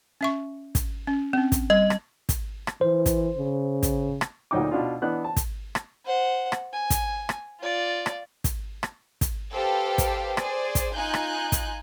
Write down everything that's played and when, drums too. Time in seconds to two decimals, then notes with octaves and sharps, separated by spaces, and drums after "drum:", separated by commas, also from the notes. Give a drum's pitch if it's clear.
0.21 C#4 E5 C#6
0.75 drum: kick, hi-hat
1.07 C#4
1.33 C4 C#4
1.52 drum: kick, hi-hat
1.70 G3 D#5
1.90 drum: rim click
2.29 drum: kick, hi-hat
2.67 drum: rim click
2.81 E3 C5
3.06 drum: kick, hi-hat
3.37 C#3
3.83 drum: kick, hi-hat
4.21 drum: rim click
4.51 D2 A#2 F#3 D#4 G5 D6
4.71 B2 D4 F4
5.02 E3 B3 D4 D#5 F#6
5.24 A5
5.36 drum: kick, hi-hat
5.75 drum: rim click
6.06 C5 F#5
6.52 drum: rim click
6.73 G#5
6.90 drum: kick, hi-hat
7.29 drum: rim click
7.60 F4 D5
8.06 drum: rim click
8.44 drum: kick, hi-hat
8.83 drum: rim click
9.21 drum: kick, hi-hat
9.54 G4 A4 B4 C5 F5 G5
9.98 drum: kick, hi-hat
10.37 G#4 C5 D5, drum: rim click
10.75 drum: kick, hi-hat
10.94 D#4 F4 G#5 F#6 G6
11.14 drum: rim click
11.52 drum: kick, hi-hat